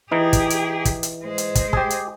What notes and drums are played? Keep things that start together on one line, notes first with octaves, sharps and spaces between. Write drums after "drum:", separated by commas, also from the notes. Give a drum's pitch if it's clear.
E3 D#4 G4 G#4
drum: kick, hi-hat
drum: hi-hat
drum: kick, hi-hat
drum: hi-hat
G#3 C5
drum: hi-hat
drum: kick, hi-hat
G4 G#4, drum: kick
drum: hi-hat